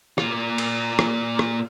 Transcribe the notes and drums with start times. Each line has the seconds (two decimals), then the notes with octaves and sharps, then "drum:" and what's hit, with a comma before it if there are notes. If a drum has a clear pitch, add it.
0.18 A#2 F4, drum: rim click
0.58 drum: cymbal
0.99 drum: rim click
1.39 drum: rim click